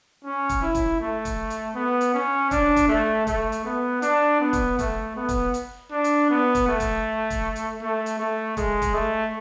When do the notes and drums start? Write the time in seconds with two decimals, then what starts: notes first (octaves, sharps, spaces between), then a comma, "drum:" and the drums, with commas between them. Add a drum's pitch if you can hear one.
0.24 C#4
0.49 drum: kick, hi-hat
0.62 E4
0.75 drum: kick, hi-hat
1.00 A3
1.25 drum: kick, hi-hat
1.50 drum: hi-hat
1.75 B3
2.01 drum: hi-hat
2.14 C#4
2.51 D4, drum: kick, hi-hat
2.76 drum: kick, hi-hat
2.88 A3
3.27 A3, drum: kick, hi-hat
3.52 drum: hi-hat
3.64 B3
4.02 D4, drum: hi-hat
4.40 B3
4.53 drum: kick, hi-hat
4.79 A3, drum: kick, hi-hat
5.16 B3
5.29 drum: kick, hi-hat
5.54 drum: hi-hat
5.92 D4
6.04 drum: hi-hat
6.30 B3
6.55 drum: kick, hi-hat
6.68 A3
6.80 drum: kick, hi-hat
7.30 drum: kick, hi-hat
7.56 drum: hi-hat
7.81 A3
8.06 drum: hi-hat
8.19 A3
8.57 G#3, drum: kick, hi-hat
8.82 drum: kick, hi-hat
8.94 A3